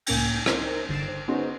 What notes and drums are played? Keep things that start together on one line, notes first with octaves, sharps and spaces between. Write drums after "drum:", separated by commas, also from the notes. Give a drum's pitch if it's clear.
C#2 A2 A#3 C#4 G#5 G6, drum: cymbal
C4 C#4 D#4 A#4 C5, drum: rim click
G1 D3 A6 C7 D7 E7
C5
B3 C#4 D#4 F#4 G#4 C5